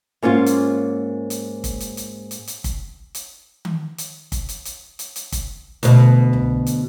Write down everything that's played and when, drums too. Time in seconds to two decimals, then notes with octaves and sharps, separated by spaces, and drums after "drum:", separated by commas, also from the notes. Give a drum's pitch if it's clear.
0.23 G#2 A#3 C#4 F4
0.46 drum: hi-hat
1.30 drum: hi-hat
1.64 drum: kick, hi-hat
1.80 drum: hi-hat
1.97 drum: hi-hat
2.31 drum: hi-hat
2.47 drum: hi-hat
2.64 drum: kick, hi-hat
3.15 drum: hi-hat
3.65 drum: tom D#3
3.98 drum: hi-hat
4.32 drum: kick, hi-hat
4.49 drum: hi-hat
4.65 drum: hi-hat
4.99 drum: hi-hat
5.16 drum: hi-hat
5.32 drum: kick, hi-hat
5.83 D2 B2, drum: hi-hat
6.33 drum: tom C2
6.66 drum: hi-hat